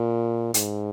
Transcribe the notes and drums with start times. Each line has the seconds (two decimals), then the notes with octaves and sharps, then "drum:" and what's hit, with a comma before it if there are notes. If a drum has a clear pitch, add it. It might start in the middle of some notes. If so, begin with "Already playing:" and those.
Already playing: A#2
0.54 G#2, drum: hi-hat